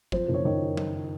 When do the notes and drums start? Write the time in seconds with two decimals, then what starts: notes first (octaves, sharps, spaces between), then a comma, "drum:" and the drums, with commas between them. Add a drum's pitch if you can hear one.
0.12 F2 C5, drum: kick
0.28 F#1
0.34 C#5
0.45 D#3 C#5
0.77 drum: tom F#3